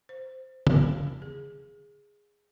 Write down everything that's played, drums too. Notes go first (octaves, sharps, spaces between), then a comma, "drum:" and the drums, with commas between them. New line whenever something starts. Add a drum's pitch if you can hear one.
C5
F5, drum: tom
G#4